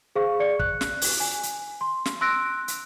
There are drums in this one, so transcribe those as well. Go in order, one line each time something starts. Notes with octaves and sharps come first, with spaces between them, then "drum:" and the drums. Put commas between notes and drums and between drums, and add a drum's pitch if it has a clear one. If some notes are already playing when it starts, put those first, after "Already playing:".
G#4 C5 F5 C#6
G#4 D5 C#7
F#6, drum: kick
drum: snare
drum: open hi-hat
G#5
drum: hi-hat
C6
drum: snare
C6 E6 F#6 A#6 D7
drum: hi-hat